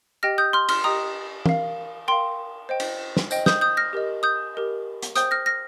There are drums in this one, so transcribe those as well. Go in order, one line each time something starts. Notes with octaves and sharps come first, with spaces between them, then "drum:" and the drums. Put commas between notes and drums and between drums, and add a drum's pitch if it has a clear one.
G4 D#5 G5 F6 A#6
D#6 G6
C6 F6
C6 F6, drum: cymbal
G4 D#5 G5 A#5 D#6
A#4 F5, drum: tom
A#4 F5 G5 C6
C5 D#5 G5
drum: cymbal
drum: snare
C5 D#5 G5, drum: tambourine
D#6 G6, drum: snare
D#6 G6
F6 A#6
G4 A#4 D#5
D#6 G6
G4 A#4 D#5
drum: hi-hat
C5 G5 D#6 G6, drum: hi-hat
F6 A#6
F6 A#6